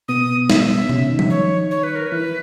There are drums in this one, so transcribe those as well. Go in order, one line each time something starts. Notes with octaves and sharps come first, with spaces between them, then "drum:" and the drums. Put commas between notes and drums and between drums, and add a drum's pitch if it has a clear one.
B2 B3 D#6
E5, drum: snare
C#3 C#4, drum: tom B2
D#3 D#4
drum: tom F3
C#5
C#5
B4
A#4
B4
E3 E4